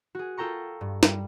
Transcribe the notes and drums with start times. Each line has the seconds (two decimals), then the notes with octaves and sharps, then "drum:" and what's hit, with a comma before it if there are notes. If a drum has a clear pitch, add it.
0.15 F#4 G#4
0.37 F4 A4 G5 A#5 C#6
0.81 G2
1.03 G3, drum: snare